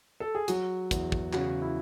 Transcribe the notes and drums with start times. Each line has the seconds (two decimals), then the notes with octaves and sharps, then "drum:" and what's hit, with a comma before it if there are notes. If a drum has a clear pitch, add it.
0.20 A4
0.35 G#4
0.48 F#3 F#4, drum: hi-hat
0.91 E2, drum: kick, hi-hat
1.12 drum: kick
1.33 C#3 F#4, drum: clap
1.62 E4